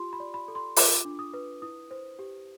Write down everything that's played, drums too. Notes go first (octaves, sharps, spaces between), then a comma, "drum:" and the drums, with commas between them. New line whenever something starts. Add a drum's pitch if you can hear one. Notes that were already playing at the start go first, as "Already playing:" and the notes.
Already playing: F4 G4 C6
B5
D5
B5
A4
C6
F4 D6, drum: open hi-hat
D4
D#6
B4
E4 D#6
C5
G4